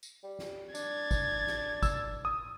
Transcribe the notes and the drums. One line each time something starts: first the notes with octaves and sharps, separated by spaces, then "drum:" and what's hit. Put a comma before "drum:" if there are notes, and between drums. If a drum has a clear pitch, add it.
drum: tambourine
G3
drum: snare
D4 G#6 A6, drum: tambourine
drum: kick G1, tambourine
drum: snare
E6, drum: kick G1, tambourine
D#6